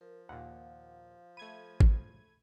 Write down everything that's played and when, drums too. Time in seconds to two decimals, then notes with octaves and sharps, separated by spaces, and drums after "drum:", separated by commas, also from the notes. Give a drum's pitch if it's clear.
0.01 F3 A#4
0.29 D#2 A#2 F5 F#5
1.37 A3 B5 G#6 D#7
1.80 drum: kick